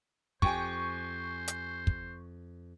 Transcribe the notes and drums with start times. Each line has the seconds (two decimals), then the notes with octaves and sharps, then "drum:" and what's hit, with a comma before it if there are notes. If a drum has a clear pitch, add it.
0.42 F2 G4 C5 G5 G#5 C#6, drum: kick
1.48 drum: hi-hat
1.87 drum: kick